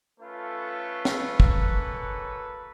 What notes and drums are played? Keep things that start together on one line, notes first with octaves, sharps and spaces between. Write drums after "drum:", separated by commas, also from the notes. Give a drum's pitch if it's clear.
A3 C#4 F4 A4 B4
drum: snare
A#3 C#4 F#4, drum: kick